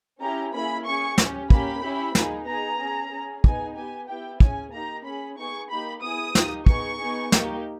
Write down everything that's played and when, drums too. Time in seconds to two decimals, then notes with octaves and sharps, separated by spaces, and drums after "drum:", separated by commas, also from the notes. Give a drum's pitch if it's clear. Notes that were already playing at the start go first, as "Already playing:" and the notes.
0.21 C#4 E4 G4 A#5
0.53 A#3 C#4 E4 G#4 B5
0.86 C#4 G#4 C#6
1.18 C#4 G4, drum: snare
1.50 A#3 C#4 G4 B5, drum: kick
1.83 C#4 E4 G4
2.15 A#3 D#4 G#4, drum: snare
2.47 B3 D#4 G#4 A#5
2.80 C#4 G#4
3.12 C#4 G#4
3.44 B3 D#4 G#4 G#5, drum: kick
3.77 B3 G4 G#5
4.08 B3 E4 G4 G5
4.40 C#4 G#4 G#5, drum: kick
4.73 A#3 D#4 G4 A#5
5.05 C#4 G#4 B5
5.38 B3 D#4 G#4 C#6
5.70 A#3 D#4 G4 B5
6.02 B3 E4 G#4 D#6
6.35 A#3 D#4 G4, drum: snare
6.66 B3 D#4 G#4 C#6, drum: kick
7.00 B3 D#4 G#4
7.32 A#3 D#4 G4, drum: snare